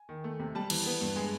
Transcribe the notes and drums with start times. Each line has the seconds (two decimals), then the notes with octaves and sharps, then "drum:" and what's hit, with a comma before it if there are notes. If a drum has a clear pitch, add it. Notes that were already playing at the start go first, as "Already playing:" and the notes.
Already playing: G#5
0.09 D#3
0.24 A3
0.39 C3
0.55 G3 A5
0.70 E3, drum: cymbal
0.86 B3
1.01 G2
1.16 G#3 G#5